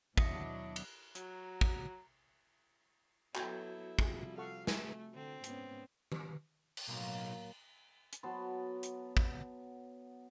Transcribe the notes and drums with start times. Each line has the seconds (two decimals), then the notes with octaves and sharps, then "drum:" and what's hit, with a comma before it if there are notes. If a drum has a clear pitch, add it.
0.17 D#2 B2 F#3 D4 E4 D#6 A#6 C#7, drum: kick
0.76 drum: cymbal
1.15 F#3 F#4 A#5, drum: hi-hat
1.61 drum: kick
3.35 F#3 B3 E4 F#4 A4 G6 G#6, drum: clap
3.99 C3 F3 G3 G#4, drum: kick
4.38 A4 F5 F#5 C#6
4.67 A3 G#5, drum: snare
5.14 D3 C4
5.44 G#2 B3 C#4, drum: hi-hat
6.12 drum: tom D#3
6.77 drum: cymbal
6.88 B1 A2 F#3 A#3
8.13 drum: hi-hat
8.23 F#3 B3 A5 C6
8.83 drum: hi-hat
9.17 drum: kick